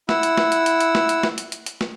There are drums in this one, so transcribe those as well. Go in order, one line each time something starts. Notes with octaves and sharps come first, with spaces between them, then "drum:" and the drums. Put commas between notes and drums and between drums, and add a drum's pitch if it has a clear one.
E4 F#5 E6, drum: snare
drum: hi-hat
drum: snare
drum: hi-hat
drum: hi-hat
drum: hi-hat
drum: snare
drum: hi-hat
drum: snare
drum: hi-hat
drum: hi-hat
drum: hi-hat
drum: snare